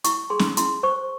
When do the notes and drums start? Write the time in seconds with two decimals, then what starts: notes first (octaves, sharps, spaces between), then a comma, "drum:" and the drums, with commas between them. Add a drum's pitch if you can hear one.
0.04 E4 C#6, drum: hi-hat
0.30 G#4 C6
0.39 drum: snare C#4
0.57 E4 C6, drum: hi-hat
0.83 C5 C#6